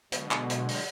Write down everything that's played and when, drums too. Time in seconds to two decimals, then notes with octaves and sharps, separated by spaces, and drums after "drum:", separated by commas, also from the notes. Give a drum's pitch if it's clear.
0.12 B2 D3 F#3 G#3, drum: hi-hat
0.31 drum: clap
0.50 drum: hi-hat
0.69 drum: open hi-hat